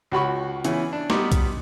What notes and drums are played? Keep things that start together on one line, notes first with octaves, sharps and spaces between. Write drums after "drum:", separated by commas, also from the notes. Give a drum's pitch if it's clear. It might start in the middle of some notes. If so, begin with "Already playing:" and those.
C#2 F#4 B5 C#6
C#3 E3 B3, drum: hi-hat
D4
G3 B3 D#4 C6 D6, drum: snare
drum: kick B1, hi-hat